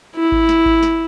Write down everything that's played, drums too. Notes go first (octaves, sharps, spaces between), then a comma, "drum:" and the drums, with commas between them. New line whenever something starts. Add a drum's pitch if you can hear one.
E4
drum: kick G#1
drum: snare
drum: kick G#1
drum: snare